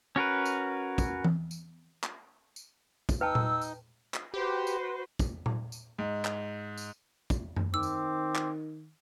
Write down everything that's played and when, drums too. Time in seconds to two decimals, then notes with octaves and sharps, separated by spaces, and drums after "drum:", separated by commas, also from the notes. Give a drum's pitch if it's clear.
0.16 C#4 F#4 A#4 B4
0.45 drum: tambourine
0.98 drum: kick, tambourine
1.24 drum: tom E3
1.51 drum: tambourine
2.03 drum: clap
2.56 drum: tambourine
3.09 drum: kick, tambourine
3.21 D#4 B4 G5 A5 E6
3.35 drum: tom A#2
3.61 drum: tambourine
4.14 drum: clap
4.34 F#4 G4 B4 C5
4.67 drum: tambourine
5.19 drum: kick, tambourine
5.46 drum: tom A#2
5.72 drum: tambourine
5.98 G#2
6.25 drum: clap
6.77 drum: tambourine
7.30 drum: kick, tambourine
7.56 drum: tom F#2
7.74 D#3 C4 D6 E6
7.83 drum: tambourine
8.35 drum: clap